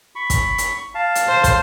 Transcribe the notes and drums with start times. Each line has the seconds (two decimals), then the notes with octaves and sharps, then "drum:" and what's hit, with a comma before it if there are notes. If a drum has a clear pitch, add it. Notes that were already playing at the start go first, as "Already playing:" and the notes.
0.15 B5 C#6
0.30 drum: kick, hi-hat
0.58 drum: hi-hat
0.95 F5 A5
1.15 drum: hi-hat
1.28 C5
1.44 drum: kick, hi-hat